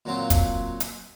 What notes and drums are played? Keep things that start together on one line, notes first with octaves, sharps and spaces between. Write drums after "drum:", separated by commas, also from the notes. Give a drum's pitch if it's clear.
A#2 F#3 C4 F4
drum: kick, hi-hat
drum: hi-hat